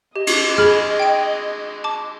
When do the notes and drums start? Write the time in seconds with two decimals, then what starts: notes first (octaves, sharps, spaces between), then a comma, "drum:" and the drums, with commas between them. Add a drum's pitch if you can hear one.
0.16 G4 D#5
0.27 drum: cymbal
0.58 G#4 B5 F6
1.00 G5 D7
1.84 A5 D6